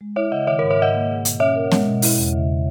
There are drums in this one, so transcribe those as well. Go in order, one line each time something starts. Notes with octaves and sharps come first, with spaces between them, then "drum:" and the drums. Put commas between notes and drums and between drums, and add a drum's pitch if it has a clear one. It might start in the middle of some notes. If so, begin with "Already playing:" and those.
G#3
E4 C#5 E5
C#3 D#5 F#5
D#3 C#5 E5
G#2 A#4 C#5
C#5 E5
G#2 D#5 F#5
A#3
G#4
B2, drum: hi-hat
C#4 C#5 E5
A#4
G#3, drum: snare B3
B2
E4, drum: open hi-hat
E2
C#3